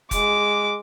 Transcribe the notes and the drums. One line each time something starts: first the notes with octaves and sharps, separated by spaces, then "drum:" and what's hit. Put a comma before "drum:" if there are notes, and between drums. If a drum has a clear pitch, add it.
G#3 D6, drum: kick F1, hi-hat